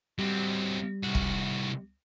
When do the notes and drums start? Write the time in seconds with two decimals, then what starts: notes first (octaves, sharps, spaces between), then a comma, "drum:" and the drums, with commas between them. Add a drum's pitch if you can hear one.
0.19 F#3 G3 C4
1.04 C2 F#4
1.15 drum: kick